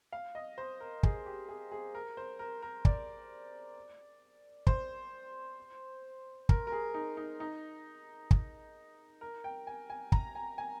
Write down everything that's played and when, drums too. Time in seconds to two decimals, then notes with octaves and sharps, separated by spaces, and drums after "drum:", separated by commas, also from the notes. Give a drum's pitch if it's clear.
0.12 F5
0.35 D#5
0.58 C5
0.80 A#4
1.03 G#4, drum: kick
1.26 G4
1.49 G#4
1.72 G#4
1.95 A#4
2.17 C5
2.39 A#4
2.62 A#4
2.85 D5, drum: kick
4.67 C5, drum: kick
6.49 A#4, drum: kick
6.67 A#4
6.72 G#4
6.94 D#4
7.17 D#4
7.40 D#4
8.31 drum: kick
9.21 A#4
9.44 G5
9.67 G#5
9.90 G#5
10.12 A#5, drum: kick
10.35 G#5
10.58 G#5